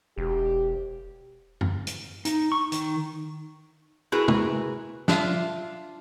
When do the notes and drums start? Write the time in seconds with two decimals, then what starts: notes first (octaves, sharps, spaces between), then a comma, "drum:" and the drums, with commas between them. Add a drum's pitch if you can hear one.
0.18 E1 G4
1.61 drum: tom F#2
1.87 drum: hi-hat
2.25 D#4, drum: hi-hat
2.52 C#6
2.72 D#3, drum: hi-hat
4.12 E4 F#4 G#4 A#4 B4
4.28 drum: tom
5.08 D4 F4 E5 F5, drum: snare